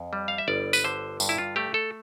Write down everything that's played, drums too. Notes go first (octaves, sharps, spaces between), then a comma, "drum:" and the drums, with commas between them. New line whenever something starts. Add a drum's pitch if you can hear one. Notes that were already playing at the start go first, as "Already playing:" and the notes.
Already playing: F2
G3
F5
E5
G1 D5
B4, drum: tambourine
D3 C5
G2, drum: tambourine
E4
F4
A3 G4
A4